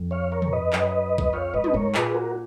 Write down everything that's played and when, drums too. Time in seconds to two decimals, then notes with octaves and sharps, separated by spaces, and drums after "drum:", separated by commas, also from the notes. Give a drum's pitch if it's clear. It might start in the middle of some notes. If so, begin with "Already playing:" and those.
Already playing: F2
0.11 C#5 F5
0.32 A#4 C#5
0.42 drum: tom
0.53 B4 D#5
0.73 F#2, drum: clap
1.18 drum: kick B1
1.33 F2 C#5 F5
1.54 G#2 B4 D#5
1.64 drum: tom
1.74 G#2 A#4 C#5
1.95 A#2 G#4 B4, drum: clap
2.15 F#4 A#4